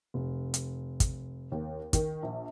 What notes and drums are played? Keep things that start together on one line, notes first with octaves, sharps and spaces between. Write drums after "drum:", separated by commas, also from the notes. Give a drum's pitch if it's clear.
F1
drum: hi-hat
drum: kick, hi-hat
D#2
D#3, drum: kick, hi-hat
A#1